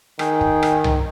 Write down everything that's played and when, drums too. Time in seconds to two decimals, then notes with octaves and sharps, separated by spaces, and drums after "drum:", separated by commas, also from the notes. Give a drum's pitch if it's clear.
0.19 D#3 G#4 G5, drum: rim click
0.41 drum: kick
0.63 drum: rim click
0.84 drum: tom C2